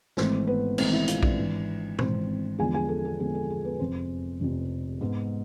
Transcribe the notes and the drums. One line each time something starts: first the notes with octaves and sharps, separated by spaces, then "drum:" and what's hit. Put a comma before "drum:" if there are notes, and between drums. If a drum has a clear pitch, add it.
G#1 G#2 E3 A3 C4 C5, drum: snare
B3 B4
G#1 G#2 E3 A3 C4 C5, drum: cymbal
E4 E5
F4 F5, drum: hi-hat
D4 D5, drum: kick A#1
G#1 G#2 E3
G#1 G#2 E3 C4 C5, drum: tom
E2 D3 F3 G#3 G#4 G#5
G#4 G#5
A4
A4
E2 D3 F3 G#3 G#4
A4
G#4
B3 B4
F1 F2 C3 C4 C5
F1 F2 C3
G#2 G#3 B3